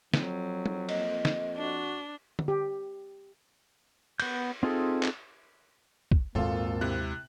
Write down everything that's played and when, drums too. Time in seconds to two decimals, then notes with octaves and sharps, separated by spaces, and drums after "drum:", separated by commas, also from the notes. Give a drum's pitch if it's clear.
0.14 F2 F#3, drum: snare
0.66 drum: tom F#3
0.89 A#3 D#5, drum: cymbal
1.25 drum: snare
1.56 D4 F#4
2.39 drum: tom D3
2.48 G4
4.20 B3 G6, drum: cymbal
4.63 C4 D#4 F4 G#4 A4
5.03 drum: clap
6.11 drum: kick
6.35 G#1 D#2 A#2 G#3 A#3 F4 A4 F5
6.81 C3 E4 F#6